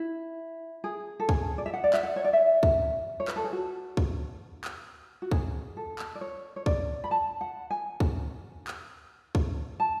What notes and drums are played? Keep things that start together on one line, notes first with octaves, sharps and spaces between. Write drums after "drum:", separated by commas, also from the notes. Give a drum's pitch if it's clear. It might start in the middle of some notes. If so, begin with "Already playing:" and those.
Already playing: E4
G#4
A4
G#4, drum: kick
D5
E5
F#5
D5
E5, drum: clap
F#5
C#5
D5
E5
drum: kick
C#5
B4, drum: clap
A4
G#4
F#4
drum: kick
drum: clap
F#4
G#4, drum: kick
A4
drum: clap
D5
C#5
C#5
D5, drum: kick
B5
A5
F#5
G#5
drum: kick
drum: clap
drum: kick
A5